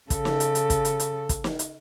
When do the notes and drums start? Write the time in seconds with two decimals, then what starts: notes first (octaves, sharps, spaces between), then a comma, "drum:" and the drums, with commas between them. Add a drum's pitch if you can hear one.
0.10 C#3 A4, drum: kick, hi-hat
0.25 drum: snare
0.40 drum: hi-hat
0.55 drum: hi-hat
0.70 drum: kick, hi-hat
0.85 drum: hi-hat
1.00 drum: hi-hat
1.29 drum: kick, hi-hat
1.44 drum: snare
1.59 drum: hi-hat